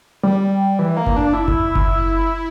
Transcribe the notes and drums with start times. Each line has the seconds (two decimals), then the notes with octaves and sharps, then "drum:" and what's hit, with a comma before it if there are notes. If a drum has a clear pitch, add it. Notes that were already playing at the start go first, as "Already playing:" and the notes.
0.23 G3
0.79 E3
0.97 A#3
1.06 drum: kick F#1
1.16 D4
1.33 E4
1.48 drum: kick F#1
1.75 drum: kick F#1